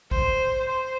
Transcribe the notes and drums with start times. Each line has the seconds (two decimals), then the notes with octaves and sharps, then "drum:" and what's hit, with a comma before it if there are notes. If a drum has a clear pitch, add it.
0.11 C5, drum: kick
0.69 C5